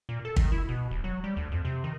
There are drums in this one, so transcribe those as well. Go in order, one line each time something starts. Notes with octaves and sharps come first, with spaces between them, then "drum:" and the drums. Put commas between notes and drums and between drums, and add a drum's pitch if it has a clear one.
A#2
A4
D#3, drum: kick
E4
B2
D#1
F#3
G3
D2
F2
C3
D#3